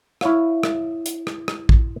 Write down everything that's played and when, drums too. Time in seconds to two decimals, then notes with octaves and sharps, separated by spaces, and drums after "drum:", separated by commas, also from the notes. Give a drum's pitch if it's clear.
0.21 E4 C#5 F5, drum: rim click
0.63 drum: rim click
1.06 drum: hi-hat
1.27 drum: rim click
1.48 drum: rim click
1.69 drum: kick